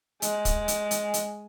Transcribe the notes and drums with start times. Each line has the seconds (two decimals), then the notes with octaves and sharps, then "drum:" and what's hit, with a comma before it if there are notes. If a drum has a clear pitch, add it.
0.22 G#3, drum: hi-hat
0.45 drum: kick, hi-hat
0.68 drum: hi-hat
0.91 drum: hi-hat
1.14 drum: hi-hat